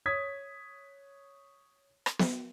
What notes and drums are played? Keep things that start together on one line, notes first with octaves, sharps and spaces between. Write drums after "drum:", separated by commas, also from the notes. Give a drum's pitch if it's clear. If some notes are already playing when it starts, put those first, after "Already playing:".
C#5 D#6 G#6 B6
drum: rim click
drum: snare B3